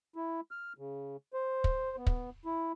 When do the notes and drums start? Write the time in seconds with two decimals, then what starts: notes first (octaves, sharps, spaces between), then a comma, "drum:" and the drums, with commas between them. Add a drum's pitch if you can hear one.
0.16 E4
0.51 F6
0.78 C#3
1.33 C5
1.64 drum: kick
1.97 B3
2.07 drum: kick
2.45 E4